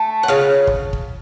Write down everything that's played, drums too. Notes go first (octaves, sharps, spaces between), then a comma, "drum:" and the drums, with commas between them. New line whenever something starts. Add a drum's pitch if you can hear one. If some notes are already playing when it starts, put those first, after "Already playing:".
Already playing: A3
F#5
C#3 F4 F5
drum: kick
drum: kick